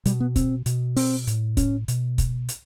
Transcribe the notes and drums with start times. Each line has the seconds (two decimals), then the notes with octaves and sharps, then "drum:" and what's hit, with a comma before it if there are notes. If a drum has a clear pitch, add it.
0.05 B2 G3, drum: hi-hat
0.20 B3
0.36 C4, drum: kick, hi-hat
0.66 B2, drum: hi-hat
0.96 C4, drum: open hi-hat
1.27 A2, drum: hi-hat
1.57 C#4, drum: kick, hi-hat
1.88 B2, drum: hi-hat
2.18 drum: kick, hi-hat
2.49 drum: hi-hat